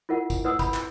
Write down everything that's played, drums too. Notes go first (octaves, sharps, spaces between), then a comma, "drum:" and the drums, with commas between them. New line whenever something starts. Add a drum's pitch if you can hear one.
E4 F4 A#4 F#5
drum: kick, tambourine
E4 B4 F#5 D#6 E6
B5, drum: kick, tambourine
drum: clap